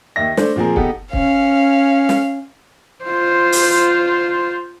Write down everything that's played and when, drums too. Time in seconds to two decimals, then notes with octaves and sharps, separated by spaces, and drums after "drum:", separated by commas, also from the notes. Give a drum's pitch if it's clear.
0.16 D#2 D#3 E5 A#6
0.37 A3 D4 C5, drum: snare
0.56 A#2 F3 C4 G#4 A#4
0.76 B3 D#4 G4 A4, drum: kick C#1
1.13 C#4 F5, drum: kick C#1
2.09 drum: snare
3.05 F4 C5
3.52 drum: open hi-hat